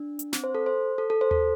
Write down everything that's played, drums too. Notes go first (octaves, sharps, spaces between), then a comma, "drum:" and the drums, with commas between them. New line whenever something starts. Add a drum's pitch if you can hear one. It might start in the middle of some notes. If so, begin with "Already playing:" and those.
Already playing: D4
drum: hi-hat
C4, drum: snare
C5
A4
C5
A4
A4
C5
A4, drum: tom D#2